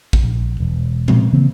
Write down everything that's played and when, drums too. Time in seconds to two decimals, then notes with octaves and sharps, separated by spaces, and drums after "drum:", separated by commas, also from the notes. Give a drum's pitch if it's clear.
0.13 drum: kick A1
0.23 A#1
0.60 E1
1.08 A#2 F3 G#3 C4, drum: tom B2
1.33 C#3 E3 A#3 C4